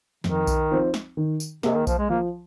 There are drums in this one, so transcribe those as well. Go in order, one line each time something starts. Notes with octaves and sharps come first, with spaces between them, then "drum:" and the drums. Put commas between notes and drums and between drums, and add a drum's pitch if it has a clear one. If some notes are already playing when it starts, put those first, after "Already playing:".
F2 D#3, drum: snare
drum: kick B1, tambourine
F3 C4 D#4
drum: snare
D#3
drum: tambourine
C3 A#3 G#4 D#5, drum: snare
D#3
F3, drum: kick B1, tambourine
G#3
F3 A#3